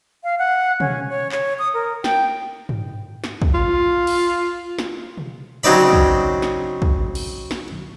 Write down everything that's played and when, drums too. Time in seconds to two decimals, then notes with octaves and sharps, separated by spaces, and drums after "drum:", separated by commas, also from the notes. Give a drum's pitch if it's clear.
0.24 F5
0.39 F#5
0.80 C#4, drum: tom
1.10 C#5
1.32 C#5, drum: clap
1.59 D#6
1.74 A#4
2.04 G5, drum: snare
2.69 drum: tom G2
3.24 drum: snare
3.42 drum: kick
3.54 F4
4.07 drum: cymbal
4.79 drum: snare
5.17 drum: tom B2
5.64 C#3 F#3 C4 D#4 D5 B5
5.93 drum: kick
6.42 drum: snare
6.82 drum: kick
7.15 drum: cymbal
7.51 drum: snare